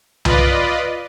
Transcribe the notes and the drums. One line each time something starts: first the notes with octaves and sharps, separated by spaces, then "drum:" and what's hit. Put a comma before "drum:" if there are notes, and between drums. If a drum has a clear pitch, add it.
F4 B4 D5 D#5, drum: tom C2